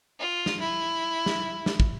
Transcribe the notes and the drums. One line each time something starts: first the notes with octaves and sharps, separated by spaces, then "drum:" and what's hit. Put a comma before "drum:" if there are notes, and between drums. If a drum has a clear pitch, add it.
F4
drum: snare
E4
drum: snare
drum: snare
drum: kick